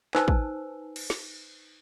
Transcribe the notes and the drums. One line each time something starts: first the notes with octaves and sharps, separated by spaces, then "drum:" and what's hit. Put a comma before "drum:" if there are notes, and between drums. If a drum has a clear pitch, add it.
D#4 B4 C5 G#5 A5 E6, drum: clap
drum: kick
drum: cymbal
drum: snare